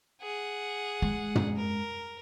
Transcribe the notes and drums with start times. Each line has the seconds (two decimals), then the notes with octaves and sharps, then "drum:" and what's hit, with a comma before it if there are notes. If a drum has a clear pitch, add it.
0.21 G#4 F#5
1.02 G#3
1.35 drum: tom
1.57 A#4